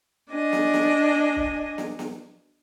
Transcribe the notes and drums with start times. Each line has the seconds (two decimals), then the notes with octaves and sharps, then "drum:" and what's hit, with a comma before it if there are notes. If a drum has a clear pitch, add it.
0.32 D4 D#5 G#5
0.53 drum: snare
0.73 drum: snare
1.36 drum: kick
1.78 drum: snare
1.99 drum: snare